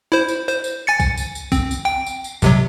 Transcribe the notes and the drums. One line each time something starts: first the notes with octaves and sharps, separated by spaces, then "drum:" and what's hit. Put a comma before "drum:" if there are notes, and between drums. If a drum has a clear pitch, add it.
E4 C5
drum: tambourine
C5, drum: tambourine
drum: tambourine
G#5 A6 C#7
drum: kick, tambourine
drum: tambourine
drum: tambourine
C4, drum: kick, tambourine
drum: tambourine
G5
drum: tambourine
drum: tambourine
C#2 C3 F#3, drum: kick, tambourine